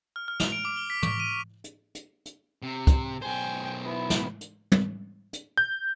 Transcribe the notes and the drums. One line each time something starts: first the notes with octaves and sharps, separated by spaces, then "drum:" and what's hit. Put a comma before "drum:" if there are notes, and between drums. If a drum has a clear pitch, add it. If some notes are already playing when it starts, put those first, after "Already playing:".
F6
F6
F7, drum: snare
D7
D6
G7
B6
C#6, drum: tom
D#7
drum: hi-hat
drum: hi-hat
drum: hi-hat
C3
drum: kick, hi-hat
B1 C5 G5 G#5
B3 E4
drum: snare
drum: hi-hat
drum: tom
drum: hi-hat
G6